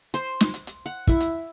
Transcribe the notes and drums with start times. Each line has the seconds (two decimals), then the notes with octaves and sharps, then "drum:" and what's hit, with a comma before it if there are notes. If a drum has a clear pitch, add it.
0.14 C5, drum: hi-hat
0.41 drum: snare
0.54 drum: hi-hat
0.67 drum: hi-hat
0.86 F#5
1.07 E4, drum: kick, hi-hat
1.20 drum: hi-hat